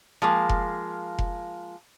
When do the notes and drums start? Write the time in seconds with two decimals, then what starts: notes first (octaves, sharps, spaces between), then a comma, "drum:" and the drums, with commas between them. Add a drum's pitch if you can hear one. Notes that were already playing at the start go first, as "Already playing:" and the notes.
0.22 F3 G#3 A#3
0.49 drum: kick F1
1.19 drum: kick F1